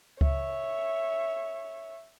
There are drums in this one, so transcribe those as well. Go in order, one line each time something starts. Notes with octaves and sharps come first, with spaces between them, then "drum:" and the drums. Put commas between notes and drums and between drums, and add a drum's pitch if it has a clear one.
C#5 E5, drum: kick C#2